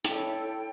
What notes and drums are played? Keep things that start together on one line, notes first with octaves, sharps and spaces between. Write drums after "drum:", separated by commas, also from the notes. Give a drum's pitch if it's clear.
E4 A4 C#5 G5, drum: hi-hat